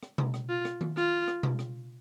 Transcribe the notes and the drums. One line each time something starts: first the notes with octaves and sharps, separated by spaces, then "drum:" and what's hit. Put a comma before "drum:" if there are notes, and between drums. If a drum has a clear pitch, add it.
drum: rim click
drum: tom B2
drum: rim click
F4
drum: rim click
drum: tom D#3
F4, drum: rim click
drum: rim click
drum: tom B2
drum: rim click